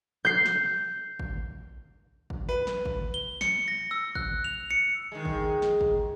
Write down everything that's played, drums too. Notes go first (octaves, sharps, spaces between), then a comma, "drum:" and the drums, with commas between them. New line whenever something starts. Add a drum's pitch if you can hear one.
G6 C7
drum: snare
drum: kick G#1
drum: kick G#1
B4
drum: snare
drum: kick G#1
G7
C#7, drum: snare
A#6
E6
F#6, drum: kick G#1
F7
C#7
D#3 G#3
drum: kick G#1
drum: snare
drum: kick G#1